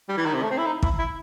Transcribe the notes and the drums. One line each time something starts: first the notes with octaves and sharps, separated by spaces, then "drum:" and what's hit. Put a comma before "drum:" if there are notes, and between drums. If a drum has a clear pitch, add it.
G3
E3
D#3
C3
A3
C4
E4
D#4
E4, drum: kick
E4